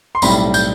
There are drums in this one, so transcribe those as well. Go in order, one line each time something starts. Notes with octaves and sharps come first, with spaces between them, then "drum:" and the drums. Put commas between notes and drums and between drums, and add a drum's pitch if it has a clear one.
C6
B1 A2 G3 C4 B5, drum: tambourine
G6, drum: tambourine